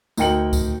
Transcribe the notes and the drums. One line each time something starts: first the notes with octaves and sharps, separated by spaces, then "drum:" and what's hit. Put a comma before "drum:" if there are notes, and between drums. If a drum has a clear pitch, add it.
D2 D#4 A#4 G5 C#7 F#7, drum: tambourine
drum: kick C2, tambourine